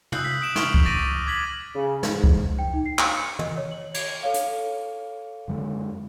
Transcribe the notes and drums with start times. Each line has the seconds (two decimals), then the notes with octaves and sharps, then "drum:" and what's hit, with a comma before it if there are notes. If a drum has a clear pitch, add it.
0.12 D#6 E6 F#6 G6 C7 F#7, drum: tom
0.24 B6
0.41 D#6 D7 E7 F#7
0.56 C#6 F6 D7 F7 G7, drum: snare
0.74 drum: kick C#2
0.85 D6 A6 A#6 D7 D#7
1.27 D6 G#6 B6 F#7
1.73 C#3
2.03 G#2, drum: snare
2.24 drum: kick C#2
2.59 G5
2.73 D#4
2.86 C7
2.99 F5, drum: clap
3.17 C#7
3.39 D#5, drum: tom
3.57 C#5
3.71 F#7
3.94 G#6, drum: cymbal
4.23 A4 C#5 F5
4.34 drum: hi-hat
5.48 F#2 D3 G#3